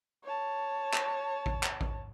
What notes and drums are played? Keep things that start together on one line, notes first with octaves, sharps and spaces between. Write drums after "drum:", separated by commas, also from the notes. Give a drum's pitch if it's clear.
C#5 A5
drum: clap
drum: kick A1
drum: clap
drum: kick A1